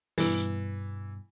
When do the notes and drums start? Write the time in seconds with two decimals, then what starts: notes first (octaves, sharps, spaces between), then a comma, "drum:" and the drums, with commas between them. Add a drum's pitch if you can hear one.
0.18 G2 B2 E3, drum: open hi-hat